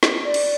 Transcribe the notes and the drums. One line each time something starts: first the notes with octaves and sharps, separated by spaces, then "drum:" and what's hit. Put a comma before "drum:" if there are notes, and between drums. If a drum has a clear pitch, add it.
drum: snare
D5
drum: cymbal